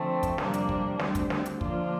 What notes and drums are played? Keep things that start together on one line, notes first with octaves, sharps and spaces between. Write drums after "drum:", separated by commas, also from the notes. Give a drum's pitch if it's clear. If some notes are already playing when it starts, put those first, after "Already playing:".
Already playing: D3 F3 A3 C4
drum: kick, hi-hat
F2 C3 G3 A#3 D4, drum: snare
drum: hi-hat
drum: kick
D2 D3 G3 C4, drum: snare
drum: kick, hi-hat
drum: snare
drum: hi-hat
D3 F3 A#3 D4 F4, drum: kick